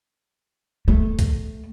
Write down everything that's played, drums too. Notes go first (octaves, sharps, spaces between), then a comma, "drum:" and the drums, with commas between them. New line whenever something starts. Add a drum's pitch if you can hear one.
A3
drum: kick, hi-hat